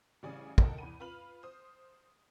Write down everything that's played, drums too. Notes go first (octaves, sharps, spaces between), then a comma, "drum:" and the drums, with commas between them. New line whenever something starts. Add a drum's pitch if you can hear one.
A1 C#3 G3 D5 G#5 D#6
A4 A#4 D#5 F#5 G5 A5, drum: kick
E2 B5 D#7
F4 B4 B5 F6 F#7
C5 D#6